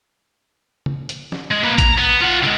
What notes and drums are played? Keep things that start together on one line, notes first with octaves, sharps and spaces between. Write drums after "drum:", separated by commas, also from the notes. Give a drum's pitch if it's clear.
drum: tom
drum: hi-hat
drum: snare
G#3
A#3 B4
A#5, drum: kick A1, hi-hat
B3
F4 F#5
D3 G#3